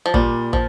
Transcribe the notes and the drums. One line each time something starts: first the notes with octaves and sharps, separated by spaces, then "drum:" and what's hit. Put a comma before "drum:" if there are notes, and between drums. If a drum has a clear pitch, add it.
F3
A#2 G3, drum: kick
F3, drum: kick